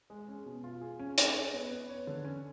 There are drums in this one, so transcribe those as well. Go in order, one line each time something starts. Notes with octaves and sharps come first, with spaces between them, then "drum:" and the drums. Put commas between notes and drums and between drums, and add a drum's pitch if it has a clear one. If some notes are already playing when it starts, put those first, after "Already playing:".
G#3
C#4
B2
F4
G#4
C#4
G#4, drum: hi-hat
C#5
B3
B3
C#5
D3
C#4